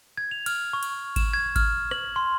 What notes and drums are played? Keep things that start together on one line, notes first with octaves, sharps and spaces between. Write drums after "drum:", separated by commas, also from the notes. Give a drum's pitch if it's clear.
G#6
F7
F6, drum: cymbal
C#6
drum: cymbal
E7, drum: kick G#1, cymbal
G#6
F6, drum: kick G#1, cymbal
F#7, drum: rim click
C6